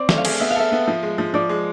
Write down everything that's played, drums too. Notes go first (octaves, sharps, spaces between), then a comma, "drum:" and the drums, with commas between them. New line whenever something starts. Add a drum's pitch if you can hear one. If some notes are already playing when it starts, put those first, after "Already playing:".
Already playing: C4 D5
A3, drum: snare
F5
G#4, drum: cymbal
B3 E5
F5
A4 E5
B3
F3
G#3
F3
F3 D5
G#3